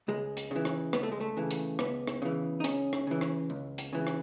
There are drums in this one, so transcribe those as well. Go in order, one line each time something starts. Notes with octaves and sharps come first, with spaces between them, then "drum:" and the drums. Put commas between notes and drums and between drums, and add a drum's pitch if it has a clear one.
C#2 G#3
drum: hi-hat
C#3 E3
drum: rim click
C#2 B3, drum: rim click
A3
G#3
A3
C#3 E3
drum: hi-hat
C#2 B3, drum: rim click
drum: rim click
C#3 E3
D#4
C#2 C#4, drum: hi-hat
drum: rim click
C#3 E3
drum: rim click
C#2
drum: hi-hat
C#3 E3
drum: rim click